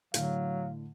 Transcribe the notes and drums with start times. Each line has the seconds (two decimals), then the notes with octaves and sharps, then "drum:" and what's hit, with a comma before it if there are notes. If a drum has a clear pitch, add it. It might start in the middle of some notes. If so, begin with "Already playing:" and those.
0.14 A2 D3 F#3 F5, drum: hi-hat